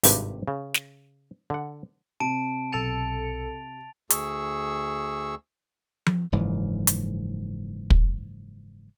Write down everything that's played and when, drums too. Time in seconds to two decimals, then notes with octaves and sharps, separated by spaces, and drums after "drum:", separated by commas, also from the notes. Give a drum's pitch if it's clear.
0.03 G#1 G2 C3 G4 B4, drum: open hi-hat
0.48 C#3
0.74 drum: snare
1.50 D3 F#5
2.20 C3 A5 D7
2.72 B1 A4 A5 A6 C#7 F7
4.10 D2 G#4 C#6 E6, drum: hi-hat
6.06 drum: tom F3
6.32 F#1 G#2 E3 F3
6.87 drum: hi-hat
7.90 drum: kick